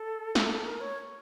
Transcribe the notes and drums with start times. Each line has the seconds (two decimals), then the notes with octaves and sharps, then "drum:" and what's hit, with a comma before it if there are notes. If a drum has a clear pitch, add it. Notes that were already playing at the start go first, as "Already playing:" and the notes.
Already playing: A4
0.35 drum: snare
0.65 A#4
0.81 C#5